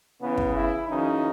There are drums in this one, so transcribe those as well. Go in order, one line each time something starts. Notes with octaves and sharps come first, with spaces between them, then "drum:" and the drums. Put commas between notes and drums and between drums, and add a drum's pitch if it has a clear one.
E2 C#3 E3 B3
drum: kick
E4
F#2 C#3 E3 D#4